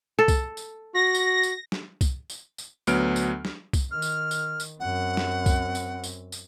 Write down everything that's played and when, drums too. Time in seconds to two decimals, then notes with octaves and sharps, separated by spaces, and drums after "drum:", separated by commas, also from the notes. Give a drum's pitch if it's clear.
0.19 A4
0.28 drum: kick C2, tambourine
0.57 drum: tambourine
0.95 F#4 A#6
1.15 drum: tambourine
1.43 drum: tambourine
1.72 drum: snare
2.01 drum: kick C2, tambourine
2.30 drum: tambourine
2.58 drum: tambourine
2.87 D2 F#3 B3 F6 D7, drum: tambourine
3.16 drum: tambourine
3.45 drum: snare
3.73 drum: kick C2, tambourine
3.91 D#3 F6
4.02 drum: tambourine
4.31 drum: tambourine
4.60 drum: tambourine
4.80 F#2 C4 F#5
5.17 drum: snare
5.46 drum: kick C2, tambourine
5.75 drum: tambourine
6.04 drum: tambourine
6.32 drum: tambourine